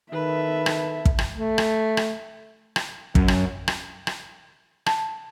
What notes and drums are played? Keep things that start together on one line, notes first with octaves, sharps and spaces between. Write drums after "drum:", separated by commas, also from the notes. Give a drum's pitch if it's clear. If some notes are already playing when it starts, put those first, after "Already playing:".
D#3 A4 B4 E5
drum: rim click
drum: kick
drum: rim click
A3
drum: rim click
drum: rim click
drum: rim click
F#2, drum: kick
drum: rim click
drum: rim click
drum: rim click
A5, drum: rim click